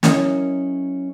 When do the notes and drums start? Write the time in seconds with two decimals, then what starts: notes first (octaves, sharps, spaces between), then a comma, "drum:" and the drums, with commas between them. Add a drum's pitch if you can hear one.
0.03 F#3 C#4 E4 A#4 D#5, drum: snare